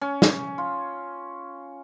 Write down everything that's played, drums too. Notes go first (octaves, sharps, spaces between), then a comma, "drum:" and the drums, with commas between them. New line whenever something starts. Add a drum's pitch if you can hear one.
C#4
drum: snare
F4